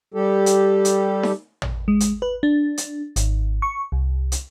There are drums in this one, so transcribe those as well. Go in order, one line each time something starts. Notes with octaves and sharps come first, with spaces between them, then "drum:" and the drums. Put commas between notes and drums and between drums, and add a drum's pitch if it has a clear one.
G3 G4 A4
drum: hi-hat
drum: hi-hat
drum: snare D#4
drum: tom
G#3
drum: hi-hat
B4
D4
drum: hi-hat
G#1, drum: hi-hat
C#6
C2
drum: hi-hat